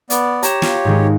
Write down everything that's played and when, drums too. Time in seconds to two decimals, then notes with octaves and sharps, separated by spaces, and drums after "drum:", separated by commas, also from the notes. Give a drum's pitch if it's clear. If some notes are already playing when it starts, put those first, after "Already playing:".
0.10 B3 D5, drum: hi-hat
0.43 G4 C#5 A#5 E7, drum: hi-hat
0.62 F4, drum: snare
0.85 G#2 D#3 G#3